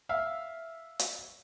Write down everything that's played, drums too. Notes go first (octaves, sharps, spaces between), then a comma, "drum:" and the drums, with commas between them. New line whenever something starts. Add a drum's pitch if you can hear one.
E5 F5
drum: hi-hat